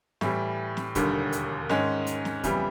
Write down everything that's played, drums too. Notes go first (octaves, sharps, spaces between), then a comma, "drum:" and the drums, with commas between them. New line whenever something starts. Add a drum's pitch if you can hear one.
A2 E3 G3, drum: snare
drum: snare
E1 D#2 D3 G3, drum: kick, hi-hat
drum: hi-hat
G#2 D#3 G#3 C#4, drum: snare
drum: hi-hat
drum: snare
F2 C#3 E3 G3 B3, drum: kick, hi-hat